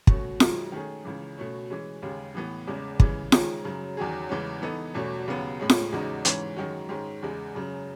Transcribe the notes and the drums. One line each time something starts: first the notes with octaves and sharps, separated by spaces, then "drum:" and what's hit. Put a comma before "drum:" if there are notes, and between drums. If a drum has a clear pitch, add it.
B2 A3 C#4 F#4, drum: kick
F#2 D#3 G#3, drum: snare
D#3 A3 C#4 G#4
C#2 C#3 E3
B2 A3 C#4
E3 G#3 C#4
D#2 C#3 G#3 C#4
A2 E3 B3
E2 C#3 G#3
C#3 E3 G#3, drum: kick
D#3 G#3 C#4, drum: snare
F#2 C#3 F#3
E2 D#3 F#3 C#4 G#4
E2 C#3 E3 G#3 C#4
E3 B3 D#4 A4
E2 B2 A3 C#4
D#2 C#3 F#3 B3
A2 G#3 C#4
drum: snare
E2 C#3 G#3 D#4 F#4
G#2 E3 G#3 C#4, drum: hi-hat
F#2 D#3 G#3 C#4 F#4
G#2 D#3 G#3 C#4
E2 C#3 G#3
F#2 C#3 F#3